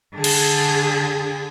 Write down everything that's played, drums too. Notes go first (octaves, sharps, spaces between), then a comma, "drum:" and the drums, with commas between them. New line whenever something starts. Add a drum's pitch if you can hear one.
D3 G#4
drum: cymbal